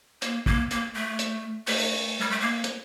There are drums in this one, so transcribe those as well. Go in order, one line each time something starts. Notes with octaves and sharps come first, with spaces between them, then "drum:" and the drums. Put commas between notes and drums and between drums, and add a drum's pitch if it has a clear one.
A#3, drum: hi-hat
A#3, drum: kick
A#3, drum: hi-hat
A3
drum: hi-hat
A3, drum: open hi-hat
G3
A3
A#3
drum: hi-hat